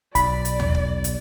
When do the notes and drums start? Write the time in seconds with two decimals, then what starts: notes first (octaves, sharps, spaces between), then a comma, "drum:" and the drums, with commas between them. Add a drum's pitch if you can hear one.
0.15 B1 D5 B5, drum: kick, hi-hat
0.45 drum: hi-hat
0.60 drum: tom D#2
0.74 drum: kick
1.04 drum: hi-hat